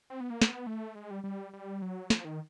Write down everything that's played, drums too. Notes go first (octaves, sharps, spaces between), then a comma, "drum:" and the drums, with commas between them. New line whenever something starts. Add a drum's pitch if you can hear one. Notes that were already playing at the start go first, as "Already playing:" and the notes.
C4
B3
A#3
B3, drum: snare
A3
G#3
G3
G3
G3
F#3
F3, drum: snare
D#3